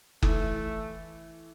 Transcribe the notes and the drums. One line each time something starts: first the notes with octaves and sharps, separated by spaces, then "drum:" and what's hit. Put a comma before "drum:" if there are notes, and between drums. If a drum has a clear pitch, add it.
E3 A3, drum: kick F#1